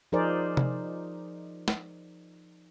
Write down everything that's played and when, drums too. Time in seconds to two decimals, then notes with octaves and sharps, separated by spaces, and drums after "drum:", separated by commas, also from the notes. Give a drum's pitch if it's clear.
0.12 F3 D#4 G#4 A#4 C5 D5
0.57 drum: tom C3
1.68 drum: snare